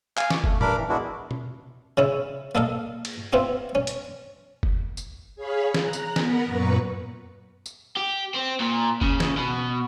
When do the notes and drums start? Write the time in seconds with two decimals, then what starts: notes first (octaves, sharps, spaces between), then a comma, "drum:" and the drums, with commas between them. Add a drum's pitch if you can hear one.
0.17 F5 G#5, drum: clap
0.30 C#6 D6, drum: snare
0.44 A3, drum: kick F#1
0.61 G2 D4 A#4 B5 D6, drum: tom
0.77 E3
0.89 G#3 B3 D4 E4 F#4
1.31 drum: tom B2
1.97 C#3 C#4 E4
2.55 A#3 A4 D#5 F5
3.05 drum: cymbal
3.33 B3 C4 E4 F4 G4
3.75 C#4
3.87 drum: hi-hat
4.63 drum: kick F#1
4.97 drum: tambourine
5.36 G#4 C#5 F5 B5
5.74 A#5 F#6, drum: snare
5.93 drum: tambourine
6.16 B3 A#4 F#5 B5, drum: snare
6.46 F#2 A#2 B4 A#5 C#6 C#7
7.66 drum: tambourine
7.96 G4
8.34 C4
8.60 A#2
9.01 C#3, drum: kick F#1
9.20 drum: snare
9.37 B2